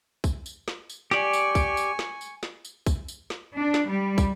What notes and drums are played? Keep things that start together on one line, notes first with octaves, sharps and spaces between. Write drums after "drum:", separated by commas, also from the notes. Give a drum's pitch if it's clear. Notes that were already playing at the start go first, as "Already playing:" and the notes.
drum: kick, tambourine
drum: tambourine
drum: snare
drum: tambourine
G4 D5 G#5 C#6, drum: snare
drum: tambourine
drum: kick, tambourine
drum: tambourine
drum: snare
drum: tambourine
drum: snare
drum: tambourine
drum: kick, tambourine
drum: tambourine
drum: snare
D4
drum: snare
G3
drum: kick, tambourine